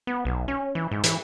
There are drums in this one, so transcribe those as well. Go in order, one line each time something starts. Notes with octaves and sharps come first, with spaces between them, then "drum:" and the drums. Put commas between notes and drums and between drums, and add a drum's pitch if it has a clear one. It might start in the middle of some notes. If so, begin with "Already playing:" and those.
B3
B1
C#4
E3
G#2
E3, drum: hi-hat